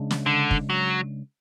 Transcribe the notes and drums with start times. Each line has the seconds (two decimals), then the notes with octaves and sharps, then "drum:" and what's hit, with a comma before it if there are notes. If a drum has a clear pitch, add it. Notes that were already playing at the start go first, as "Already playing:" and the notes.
Already playing: C#3 G#3 D4
0.11 drum: snare
0.26 D3
0.51 drum: kick
0.70 F#3